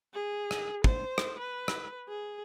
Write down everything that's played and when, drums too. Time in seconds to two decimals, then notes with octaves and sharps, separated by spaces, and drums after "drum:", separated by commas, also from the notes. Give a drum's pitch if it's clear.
0.14 G#4
0.51 drum: rim click
0.84 C5, drum: kick
1.18 drum: rim click
1.39 B4
1.68 drum: rim click
2.08 G#4